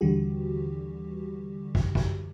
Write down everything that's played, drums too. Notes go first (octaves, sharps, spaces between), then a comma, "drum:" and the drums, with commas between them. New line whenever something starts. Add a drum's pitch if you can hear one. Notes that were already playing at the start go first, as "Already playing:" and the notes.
D#2 D3 E3 G3 F#4 G4
drum: kick
drum: kick